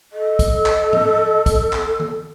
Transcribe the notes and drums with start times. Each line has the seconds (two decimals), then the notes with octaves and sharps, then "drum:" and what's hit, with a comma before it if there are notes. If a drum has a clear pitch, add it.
0.12 A4 D#5
0.39 drum: kick, hi-hat
0.66 drum: clap
0.93 drum: tom
1.46 drum: kick, hi-hat
1.73 drum: clap
2.00 drum: tom D#3